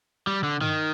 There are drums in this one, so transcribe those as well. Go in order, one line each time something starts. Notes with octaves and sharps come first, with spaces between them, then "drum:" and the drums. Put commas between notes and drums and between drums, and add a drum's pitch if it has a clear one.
G3
D3
D#3, drum: tom G2